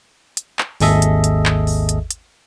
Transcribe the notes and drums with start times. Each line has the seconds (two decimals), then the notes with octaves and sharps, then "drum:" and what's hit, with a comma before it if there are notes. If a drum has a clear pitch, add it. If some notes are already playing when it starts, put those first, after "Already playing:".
0.37 drum: hi-hat
0.59 drum: clap
0.80 G#1 D#2 G#4 A4 D#5 E5, drum: open hi-hat
1.02 drum: hi-hat
1.24 drum: hi-hat
1.45 drum: clap
1.67 drum: open hi-hat
1.89 drum: hi-hat
2.11 drum: hi-hat